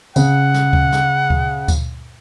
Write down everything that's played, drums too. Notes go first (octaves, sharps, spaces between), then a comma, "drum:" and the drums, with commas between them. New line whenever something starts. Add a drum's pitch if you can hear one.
C#3 F#5, drum: tambourine
drum: snare
drum: kick D2
drum: snare
drum: kick D2
drum: kick D2, tambourine